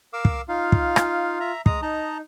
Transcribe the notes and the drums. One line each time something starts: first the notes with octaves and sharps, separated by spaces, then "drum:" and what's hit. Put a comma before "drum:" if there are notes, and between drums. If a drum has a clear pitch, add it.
A#4 F5 D6 E6
drum: kick
D#4 F4 F5
drum: kick
drum: rim click
E5 A#5
G#3 A#5 D#6, drum: kick
D#4 D#5 A5 A#5